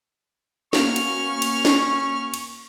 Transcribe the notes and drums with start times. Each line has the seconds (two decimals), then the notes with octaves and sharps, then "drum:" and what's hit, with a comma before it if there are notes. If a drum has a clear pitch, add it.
0.73 A#3 B3 C#4 F#4 C#6 F6, drum: snare
0.96 drum: cymbal
1.42 drum: cymbal
1.65 drum: snare
2.34 drum: cymbal